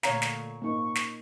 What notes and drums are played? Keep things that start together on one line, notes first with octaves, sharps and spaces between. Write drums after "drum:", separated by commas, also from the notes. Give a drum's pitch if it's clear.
A#2 D3 A3 C#5 F5 A#5, drum: snare
drum: snare
G#2 A#3 C#4 D#4 A#4 C#6
drum: snare